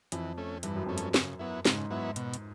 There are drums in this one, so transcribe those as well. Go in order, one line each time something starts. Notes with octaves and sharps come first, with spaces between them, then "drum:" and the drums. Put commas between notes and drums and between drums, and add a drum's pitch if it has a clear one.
F2 E3, drum: hi-hat
A3 C#4
G2 E3, drum: hi-hat
F#2
F2 A3 C#4
F#2, drum: hi-hat
C#3, drum: snare
F#3 B3 E4
G#2 C#3, drum: snare
F#3 B3 E4
B2, drum: hi-hat
drum: hi-hat